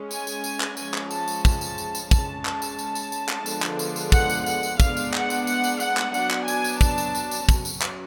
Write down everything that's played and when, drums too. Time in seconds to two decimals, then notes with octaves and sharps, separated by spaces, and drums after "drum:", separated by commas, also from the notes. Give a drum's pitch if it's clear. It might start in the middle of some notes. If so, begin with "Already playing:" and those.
Already playing: G#3 C#4
0.11 G#5, drum: tambourine
0.27 drum: tambourine
0.44 drum: tambourine
0.61 drum: clap
0.77 F3 G#3 C#4 G#5, drum: tambourine
0.94 drum: clap
1.11 A5, drum: tambourine
1.28 drum: tambourine
1.45 A5, drum: kick, tambourine
1.61 drum: tambourine
1.78 drum: tambourine
1.95 drum: tambourine
2.11 G#3 C#4 A5, drum: kick, tambourine
2.45 A5, drum: clap
2.62 drum: tambourine
2.79 drum: tambourine
2.95 drum: tambourine
3.12 drum: tambourine
3.29 drum: clap
3.46 D3 F3 G#3 B3 D4, drum: tambourine
3.62 drum: clap
3.79 drum: tambourine
3.96 drum: tambourine
4.12 F#5, drum: kick, tambourine
4.30 drum: tambourine
4.46 F#5, drum: tambourine
4.63 drum: tambourine
4.80 G#3 B3 D4 F5, drum: kick, tambourine
4.97 drum: tambourine
5.14 F#5, drum: clap
5.30 drum: tambourine
5.47 F#5, drum: tambourine
5.64 drum: tambourine
5.80 F#5, drum: tambourine
5.97 drum: clap
6.14 F#3 B3 D4 F#5, drum: tambourine
6.31 drum: clap
6.48 G#5, drum: tambourine
6.64 drum: tambourine
6.81 A5, drum: kick, tambourine
6.98 drum: tambourine
7.15 drum: tambourine
7.31 drum: tambourine
7.49 F#3 C#4, drum: kick, tambourine
7.65 drum: tambourine
7.82 drum: clap